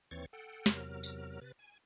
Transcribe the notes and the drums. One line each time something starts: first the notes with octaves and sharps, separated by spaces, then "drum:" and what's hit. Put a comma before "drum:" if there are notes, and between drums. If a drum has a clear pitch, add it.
D#2 E3 C4 C#5 C#6 A6
A4 F#5 G5
E2 C3 F#3 A#4 F6, drum: snare
drum: tambourine
C3 B4 A6
G#5